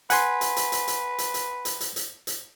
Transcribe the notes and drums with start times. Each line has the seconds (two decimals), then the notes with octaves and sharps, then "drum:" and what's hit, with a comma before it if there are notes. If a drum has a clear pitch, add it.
0.10 B4 F#5 G#5 C6, drum: hi-hat
0.41 drum: hi-hat
0.56 drum: hi-hat
0.72 drum: hi-hat
0.87 drum: hi-hat
1.18 drum: hi-hat
1.34 drum: hi-hat
1.65 drum: hi-hat
1.80 drum: hi-hat
1.96 drum: hi-hat
2.27 drum: hi-hat